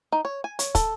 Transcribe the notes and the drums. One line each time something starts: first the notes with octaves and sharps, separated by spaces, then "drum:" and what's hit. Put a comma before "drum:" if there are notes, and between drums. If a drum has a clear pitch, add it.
D#4
C#5
G#5
C#5, drum: hi-hat
A4, drum: kick, hi-hat